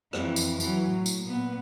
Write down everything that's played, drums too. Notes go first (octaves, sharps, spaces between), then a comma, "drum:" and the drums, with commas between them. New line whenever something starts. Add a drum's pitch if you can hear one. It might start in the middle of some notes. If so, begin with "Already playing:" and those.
F2 E3, drum: rim click
drum: tambourine
E3 F#3, drum: tambourine
A2
drum: tambourine
A#2 B3